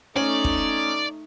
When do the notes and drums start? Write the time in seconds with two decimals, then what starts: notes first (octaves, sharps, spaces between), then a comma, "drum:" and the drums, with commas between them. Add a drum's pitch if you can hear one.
0.16 A3 C#4 D#4 D5
0.44 drum: kick